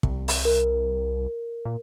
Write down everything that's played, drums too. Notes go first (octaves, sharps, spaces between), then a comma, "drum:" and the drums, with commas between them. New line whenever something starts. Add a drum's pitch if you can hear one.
C2, drum: kick
drum: open hi-hat
A#4
A#2